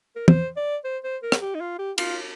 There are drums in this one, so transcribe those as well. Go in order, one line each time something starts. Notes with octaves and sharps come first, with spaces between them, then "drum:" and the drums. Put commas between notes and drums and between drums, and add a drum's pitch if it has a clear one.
A#4
C5, drum: tom
D5
C5
C5
A#4
drum: rim click
G4
D#4
F4
G4
F4, drum: cymbal